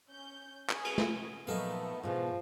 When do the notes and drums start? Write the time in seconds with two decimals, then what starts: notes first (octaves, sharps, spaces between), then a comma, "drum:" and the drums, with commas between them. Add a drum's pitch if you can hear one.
0.11 C#4 G6
0.70 G#4 B4 C#6, drum: clap
0.85 drum: cymbal
0.98 drum: snare
1.47 A#2 F3 F#3 A3 B3 D#4 A4 F5
2.03 G#2 B2 E3 F3